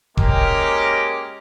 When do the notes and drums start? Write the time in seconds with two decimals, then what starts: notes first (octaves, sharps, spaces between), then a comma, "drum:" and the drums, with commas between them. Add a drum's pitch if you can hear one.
0.17 G#3 A#3 C#4 G4 A#4 D6, drum: kick E1